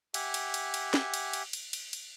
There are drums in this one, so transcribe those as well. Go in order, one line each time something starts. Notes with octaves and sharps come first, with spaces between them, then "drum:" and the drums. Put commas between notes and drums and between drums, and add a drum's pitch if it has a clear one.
G4 E5 F#5 G#5, drum: cymbal
drum: cymbal
drum: cymbal
drum: cymbal
drum: snare
drum: cymbal
drum: cymbal
drum: cymbal
drum: cymbal
drum: cymbal